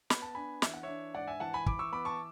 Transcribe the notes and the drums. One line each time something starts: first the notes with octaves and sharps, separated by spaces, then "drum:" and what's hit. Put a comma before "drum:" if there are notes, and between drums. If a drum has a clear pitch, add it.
B3 B5, drum: snare
A5
D4 G#5 B5
E3 E5, drum: snare
F#5
D4 C#5 E5
G#2 D5 F#5
E5 G#5
E3 F#5 A5
G#5 B5
E3 B5 D6, drum: kick
C#6 E6
B3 B5 D6
A5 C#6